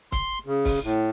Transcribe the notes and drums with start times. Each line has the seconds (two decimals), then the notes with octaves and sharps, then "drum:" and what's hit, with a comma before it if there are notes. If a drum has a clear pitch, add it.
0.12 C6, drum: kick, hi-hat
0.46 C#3
0.65 drum: kick, open hi-hat
0.83 A2